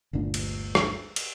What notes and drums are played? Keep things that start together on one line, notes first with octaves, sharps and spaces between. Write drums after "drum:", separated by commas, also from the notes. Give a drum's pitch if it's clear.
G1 D2 A#2 D4
drum: cymbal
drum: rim click
drum: cymbal